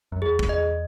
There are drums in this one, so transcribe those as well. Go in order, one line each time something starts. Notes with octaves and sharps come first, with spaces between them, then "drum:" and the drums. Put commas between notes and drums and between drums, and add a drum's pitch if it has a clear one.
F#2
E2 G#4
drum: kick
D#5